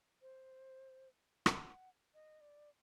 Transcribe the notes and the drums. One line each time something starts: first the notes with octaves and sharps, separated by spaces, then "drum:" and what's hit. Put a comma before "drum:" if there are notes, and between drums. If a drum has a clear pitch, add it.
C5
F#5, drum: rim click
D#5
D5